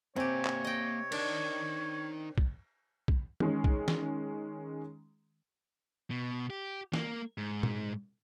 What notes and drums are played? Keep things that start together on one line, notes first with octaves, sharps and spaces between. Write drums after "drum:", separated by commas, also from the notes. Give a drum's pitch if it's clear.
C3 A#3 C4 G4 C#5 G#5
drum: clap
D#5 G5
D4 D#4 A#4, drum: cymbal
drum: kick
drum: kick
D#3 G#3 C#4, drum: tom E3
drum: kick
drum: snare E3
B2
G4
A#3, drum: snare E3
G#2
drum: tom A#2